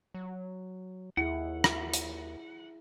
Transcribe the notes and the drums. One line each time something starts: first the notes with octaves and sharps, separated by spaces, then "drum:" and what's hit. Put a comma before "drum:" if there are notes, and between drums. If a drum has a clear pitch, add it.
F#3
D#2 E4 G#4 F#5
drum: rim click
drum: hi-hat